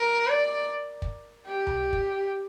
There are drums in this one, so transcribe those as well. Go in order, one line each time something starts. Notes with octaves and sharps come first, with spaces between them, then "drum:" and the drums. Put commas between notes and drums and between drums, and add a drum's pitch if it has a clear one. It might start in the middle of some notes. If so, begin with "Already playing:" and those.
Already playing: A#4
D5
drum: kick
G4
drum: tom C2
drum: kick